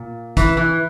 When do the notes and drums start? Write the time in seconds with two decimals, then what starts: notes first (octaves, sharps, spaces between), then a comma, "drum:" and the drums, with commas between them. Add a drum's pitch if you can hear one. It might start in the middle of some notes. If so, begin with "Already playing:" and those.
Already playing: A#2
0.37 E3, drum: kick, hi-hat
0.57 E3